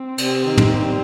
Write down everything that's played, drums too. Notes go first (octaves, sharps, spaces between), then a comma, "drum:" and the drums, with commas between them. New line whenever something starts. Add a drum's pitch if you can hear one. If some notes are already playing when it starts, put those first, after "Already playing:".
Already playing: C4
C3, drum: cymbal
D#3
drum: tom
G3